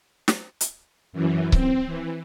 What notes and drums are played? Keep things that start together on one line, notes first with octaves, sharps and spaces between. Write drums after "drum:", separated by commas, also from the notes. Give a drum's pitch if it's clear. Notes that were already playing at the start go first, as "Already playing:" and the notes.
drum: snare
drum: hi-hat
F#2 E3
C4, drum: kick C#1
E3